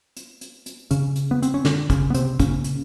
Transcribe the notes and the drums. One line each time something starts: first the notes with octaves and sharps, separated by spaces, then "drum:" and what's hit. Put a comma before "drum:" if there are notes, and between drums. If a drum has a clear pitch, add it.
drum: hi-hat
drum: hi-hat
drum: hi-hat
C#3 C#4, drum: hi-hat
drum: hi-hat
B3
C4, drum: hi-hat
C#4
D3 D4, drum: snare
C#3 C#4, drum: kick, hi-hat
B3
C3 C4, drum: hi-hat
A#2 C#3 C#4, drum: kick, hi-hat
drum: hi-hat